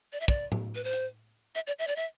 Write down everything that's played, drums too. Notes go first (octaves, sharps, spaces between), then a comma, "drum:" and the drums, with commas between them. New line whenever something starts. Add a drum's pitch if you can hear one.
D5
E5
D5, drum: kick
drum: tom A2
B4
C5
drum: hi-hat
E5
D5
E5
D5
E5